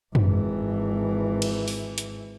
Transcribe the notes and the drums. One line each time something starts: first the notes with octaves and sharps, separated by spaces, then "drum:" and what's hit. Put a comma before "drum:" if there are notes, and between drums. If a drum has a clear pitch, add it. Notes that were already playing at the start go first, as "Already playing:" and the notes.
G#1 E3, drum: tom F#2
drum: cymbal
drum: open hi-hat
drum: hi-hat